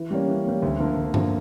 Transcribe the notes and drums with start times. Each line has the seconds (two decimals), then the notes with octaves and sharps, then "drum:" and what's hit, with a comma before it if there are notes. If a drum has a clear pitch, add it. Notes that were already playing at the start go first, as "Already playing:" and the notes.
Already playing: E3
0.11 G3 A#3 C#4
0.28 E3
0.45 G3 A#3 C#4
0.62 D2
0.79 D3 F3 A#3
0.97 D2
1.14 D3 F3 A#3, drum: tom G2